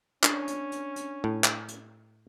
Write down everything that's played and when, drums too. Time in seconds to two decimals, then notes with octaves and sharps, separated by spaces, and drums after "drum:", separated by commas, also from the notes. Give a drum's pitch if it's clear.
0.23 C#4 D4, drum: clap
0.48 drum: hi-hat
0.72 drum: hi-hat
0.96 drum: hi-hat
1.24 A2
1.44 drum: clap
1.68 drum: hi-hat